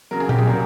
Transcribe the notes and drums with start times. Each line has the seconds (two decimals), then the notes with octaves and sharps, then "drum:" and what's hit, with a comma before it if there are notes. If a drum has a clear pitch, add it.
0.11 C#3 F#3 A#4
0.20 G#4
0.29 G4, drum: tom A#2
0.39 G#4
0.47 A#2 F#3 A#4